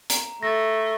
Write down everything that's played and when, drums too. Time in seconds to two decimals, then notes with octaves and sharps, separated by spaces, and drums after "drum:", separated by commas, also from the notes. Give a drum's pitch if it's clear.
0.10 A#5, drum: hi-hat
0.43 A3 A6 A#6